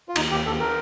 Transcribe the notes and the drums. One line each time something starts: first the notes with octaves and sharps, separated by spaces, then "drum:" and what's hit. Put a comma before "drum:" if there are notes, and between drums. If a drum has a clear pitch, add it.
F4
D#2 D#4, drum: cymbal
D#2 G4
D#2 A4
A#4